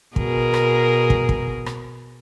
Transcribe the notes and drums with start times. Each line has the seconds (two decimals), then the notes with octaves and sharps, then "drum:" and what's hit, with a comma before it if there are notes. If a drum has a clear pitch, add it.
0.16 B2 G#4 A#4, drum: kick
0.54 drum: rim click
1.10 drum: kick
1.29 drum: kick
1.66 drum: rim click